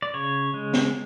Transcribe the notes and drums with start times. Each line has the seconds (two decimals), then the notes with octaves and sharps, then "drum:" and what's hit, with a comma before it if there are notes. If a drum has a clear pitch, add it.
0.02 D5
0.14 C#3 C#5
0.54 G#3
0.73 drum: snare